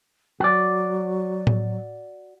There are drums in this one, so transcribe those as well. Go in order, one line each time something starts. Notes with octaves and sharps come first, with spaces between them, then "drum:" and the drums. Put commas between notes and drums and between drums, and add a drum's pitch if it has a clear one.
F#3 F#4 D5
drum: tom A2